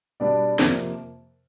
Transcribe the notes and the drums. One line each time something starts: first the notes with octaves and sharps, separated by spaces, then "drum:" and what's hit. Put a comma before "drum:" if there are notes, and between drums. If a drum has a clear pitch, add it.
B2 G3 B3 D4 D5
F2 C3 F3 A#3, drum: snare